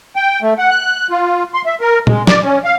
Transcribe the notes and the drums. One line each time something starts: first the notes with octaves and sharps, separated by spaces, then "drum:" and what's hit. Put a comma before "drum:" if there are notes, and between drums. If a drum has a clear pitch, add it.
G5
A3
F#5
F#6
F4
C6
E5
A#4
G#3, drum: tom
D5, drum: snare
C#4
F5